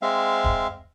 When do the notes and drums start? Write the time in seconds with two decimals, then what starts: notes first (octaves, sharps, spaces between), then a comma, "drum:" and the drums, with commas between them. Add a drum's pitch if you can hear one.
0.02 G#3 C4 E5 F5
0.44 drum: kick D1